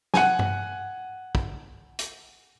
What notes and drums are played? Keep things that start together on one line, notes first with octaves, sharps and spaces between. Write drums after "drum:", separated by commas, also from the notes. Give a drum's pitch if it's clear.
F#5 G#5, drum: snare
drum: tom G2
drum: kick
drum: hi-hat